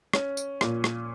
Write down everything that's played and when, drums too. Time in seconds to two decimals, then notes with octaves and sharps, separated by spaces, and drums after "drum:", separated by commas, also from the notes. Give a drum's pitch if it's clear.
0.13 C#4, drum: rim click
0.37 drum: tambourine
0.61 A#2, drum: rim click
0.84 drum: rim click